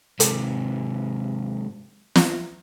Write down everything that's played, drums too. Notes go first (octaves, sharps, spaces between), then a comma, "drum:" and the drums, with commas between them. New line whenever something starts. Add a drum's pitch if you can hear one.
G#2 C3, drum: hi-hat
drum: snare